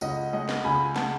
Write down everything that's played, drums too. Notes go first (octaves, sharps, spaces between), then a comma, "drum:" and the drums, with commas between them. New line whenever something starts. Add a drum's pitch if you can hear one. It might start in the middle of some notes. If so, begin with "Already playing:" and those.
C#2 D#5 F#5, drum: tambourine
G#3 D#5 F#5
drum: snare
C#2 G#5 B5
G#3 F#5 A5, drum: snare